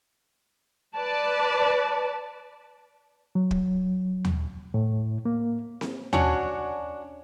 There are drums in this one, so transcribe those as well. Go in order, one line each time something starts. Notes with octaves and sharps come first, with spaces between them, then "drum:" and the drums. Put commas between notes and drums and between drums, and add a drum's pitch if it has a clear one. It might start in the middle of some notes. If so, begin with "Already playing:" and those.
B4 D5 A5
F#3
drum: kick
drum: tom D#2
A2
A#3
drum: snare C4
C#4 D4 F#4 C#5, drum: tom D#2